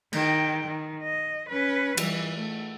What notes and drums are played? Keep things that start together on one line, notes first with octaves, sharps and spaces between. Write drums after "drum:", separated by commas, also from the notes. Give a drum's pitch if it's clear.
D#3 G5, drum: cymbal
D#3
D#5
C#4 B4
E3 G3, drum: cymbal
A3